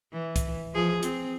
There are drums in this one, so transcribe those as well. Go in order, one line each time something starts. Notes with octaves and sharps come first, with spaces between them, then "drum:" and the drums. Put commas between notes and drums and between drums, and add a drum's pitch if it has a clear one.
E3
drum: kick C2, hi-hat
F3 G#4
C4, drum: hi-hat